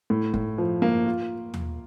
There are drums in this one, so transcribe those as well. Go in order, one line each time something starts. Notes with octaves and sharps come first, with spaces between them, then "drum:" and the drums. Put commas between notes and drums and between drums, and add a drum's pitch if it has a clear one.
A2
A2, drum: kick F#1
F3
A#3
F4
drum: tom D#2